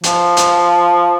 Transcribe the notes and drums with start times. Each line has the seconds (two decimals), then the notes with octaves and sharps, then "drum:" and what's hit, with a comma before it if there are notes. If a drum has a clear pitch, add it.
0.04 F3, drum: hi-hat
0.37 drum: hi-hat